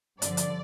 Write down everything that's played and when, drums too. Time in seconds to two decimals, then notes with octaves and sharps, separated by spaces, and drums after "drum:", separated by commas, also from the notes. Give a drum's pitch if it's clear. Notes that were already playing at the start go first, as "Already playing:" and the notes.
0.22 G2 D3 F3 D5, drum: hi-hat
0.37 drum: hi-hat